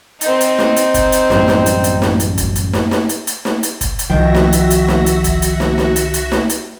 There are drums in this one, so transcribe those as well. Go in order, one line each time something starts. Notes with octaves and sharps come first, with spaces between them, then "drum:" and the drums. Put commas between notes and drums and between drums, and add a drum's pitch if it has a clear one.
C4 D#4, drum: hi-hat
drum: hi-hat
drum: snare
drum: hi-hat
drum: kick, hi-hat
drum: hi-hat
A1 F#2 G3, drum: snare
drum: snare
drum: hi-hat
drum: hi-hat
drum: snare
drum: hi-hat
drum: kick, hi-hat
drum: hi-hat
drum: snare
drum: snare
drum: hi-hat
drum: hi-hat
drum: snare
drum: hi-hat
drum: kick, hi-hat
drum: hi-hat
C2 D#3 F3 F#4 E5 G5 A#6
drum: snare
drum: hi-hat
drum: hi-hat
drum: snare
drum: hi-hat
drum: kick, hi-hat
drum: hi-hat
drum: snare
drum: snare
drum: hi-hat
drum: hi-hat
drum: snare
drum: hi-hat